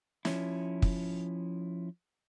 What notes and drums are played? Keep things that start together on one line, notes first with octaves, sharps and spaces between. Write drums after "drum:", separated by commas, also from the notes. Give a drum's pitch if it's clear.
F3 C#4 E4, drum: snare
drum: kick